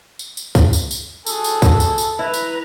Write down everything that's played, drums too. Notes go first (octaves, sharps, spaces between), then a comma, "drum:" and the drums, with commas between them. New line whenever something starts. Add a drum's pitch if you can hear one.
drum: tambourine
drum: tambourine
drum: kick, tambourine
drum: tambourine
drum: tambourine
F#4 G#4 A4, drum: tambourine
drum: tambourine
drum: kick, tambourine
drum: tambourine
drum: tambourine
E4 B4 A#5
drum: tambourine